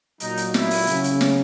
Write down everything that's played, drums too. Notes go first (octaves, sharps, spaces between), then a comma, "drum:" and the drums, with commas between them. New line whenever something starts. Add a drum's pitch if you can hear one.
A#2 F#3 D#4, drum: hi-hat
drum: hi-hat
E4, drum: snare
drum: open hi-hat
C#3 F#3, drum: hi-hat
drum: hi-hat
drum: snare